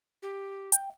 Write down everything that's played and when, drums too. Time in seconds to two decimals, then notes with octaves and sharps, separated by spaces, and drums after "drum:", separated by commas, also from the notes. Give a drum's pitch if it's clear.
0.22 G4
0.72 G5, drum: hi-hat